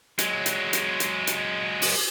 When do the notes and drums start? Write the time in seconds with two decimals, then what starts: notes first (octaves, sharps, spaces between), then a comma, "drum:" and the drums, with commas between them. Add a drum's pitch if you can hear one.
0.19 F#3 G#3, drum: hi-hat
0.46 drum: hi-hat
0.73 drum: hi-hat
1.00 drum: hi-hat
1.27 drum: hi-hat
1.82 drum: open hi-hat